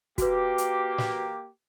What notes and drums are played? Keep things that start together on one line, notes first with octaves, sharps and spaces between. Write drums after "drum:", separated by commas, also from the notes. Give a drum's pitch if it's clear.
A#3 F#4 G4 B4, drum: kick, hi-hat
drum: hi-hat
drum: snare